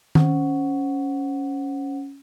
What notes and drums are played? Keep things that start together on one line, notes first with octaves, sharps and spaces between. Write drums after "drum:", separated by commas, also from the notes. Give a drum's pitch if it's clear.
C#4 C5 F#5, drum: tom D#3